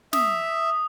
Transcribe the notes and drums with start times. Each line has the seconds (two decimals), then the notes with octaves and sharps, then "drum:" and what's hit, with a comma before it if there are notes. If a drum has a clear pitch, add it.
0.13 E5 D#6, drum: snare